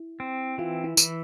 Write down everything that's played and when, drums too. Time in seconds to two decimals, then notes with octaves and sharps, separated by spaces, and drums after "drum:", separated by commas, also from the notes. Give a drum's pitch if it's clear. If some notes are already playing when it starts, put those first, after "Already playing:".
Already playing: E4
0.20 C4
0.58 E3 F4
0.84 E4
0.97 E3, drum: tambourine